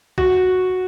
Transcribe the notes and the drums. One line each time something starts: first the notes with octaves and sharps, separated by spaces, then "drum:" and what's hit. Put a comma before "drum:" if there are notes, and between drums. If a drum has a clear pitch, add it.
F#4, drum: kick B1